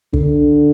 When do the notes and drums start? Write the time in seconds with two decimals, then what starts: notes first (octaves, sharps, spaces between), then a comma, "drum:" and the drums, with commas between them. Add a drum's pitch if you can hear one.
0.13 D3, drum: kick